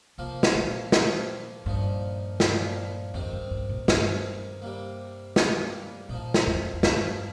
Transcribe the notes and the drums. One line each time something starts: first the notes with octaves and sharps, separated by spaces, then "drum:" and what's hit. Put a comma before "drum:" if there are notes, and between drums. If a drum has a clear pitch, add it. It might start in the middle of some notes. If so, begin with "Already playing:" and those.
C3 F3 A#3 F4
drum: snare
A#2
F3 A#3 F4, drum: snare
G2 A#2 F3 D#4
A#2 F3 D#4, drum: snare
F2 C3 D#3 C4 D#4
G2
G2
A#2
G2 C3 D#3 C4 D#4, drum: snare
C3 G3 A#3
C3 G3 A#3, drum: snare
A#2 F3 D#4
drum: snare
F2
F2
G2 F3 D#4, drum: snare